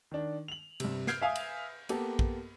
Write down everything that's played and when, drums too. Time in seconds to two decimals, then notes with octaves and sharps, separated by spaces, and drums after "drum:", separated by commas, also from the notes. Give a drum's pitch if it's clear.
0.12 D#3 D4
0.48 F7 F#7
0.80 G2 C3, drum: cymbal
1.07 F6 G6 G#6 C7 D7, drum: snare
1.21 E5 F5 G#5 D#6
1.36 drum: cymbal
1.89 A#3 B3 G4 A4, drum: cymbal
2.19 drum: kick